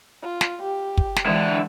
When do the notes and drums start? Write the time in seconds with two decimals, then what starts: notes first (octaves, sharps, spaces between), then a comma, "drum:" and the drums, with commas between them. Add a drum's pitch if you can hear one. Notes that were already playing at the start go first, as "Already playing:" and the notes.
0.22 F4
0.41 drum: snare
0.62 G4
0.98 drum: kick
1.16 drum: snare
1.26 D3 E3 G#3 D4 E4